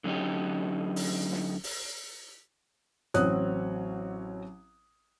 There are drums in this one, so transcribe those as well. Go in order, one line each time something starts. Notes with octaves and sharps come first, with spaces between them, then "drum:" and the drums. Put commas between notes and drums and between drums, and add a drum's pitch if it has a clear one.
D3 F#3 C#4 D#4 G4
drum: open hi-hat
drum: snare
drum: open hi-hat
A1 F#3 C4 C#5 D#6 F#6, drum: hi-hat